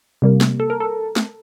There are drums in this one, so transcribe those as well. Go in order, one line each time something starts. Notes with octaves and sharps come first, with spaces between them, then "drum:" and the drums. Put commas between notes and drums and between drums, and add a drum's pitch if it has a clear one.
C3 G3 A#3
drum: snare
A4
A#4
A4
drum: snare